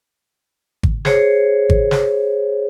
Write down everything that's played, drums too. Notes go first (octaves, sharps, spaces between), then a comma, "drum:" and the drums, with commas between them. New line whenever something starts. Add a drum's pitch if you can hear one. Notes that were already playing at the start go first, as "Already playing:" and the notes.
drum: kick G#1
G#4 C5 C#5, drum: snare
drum: kick G#1
drum: snare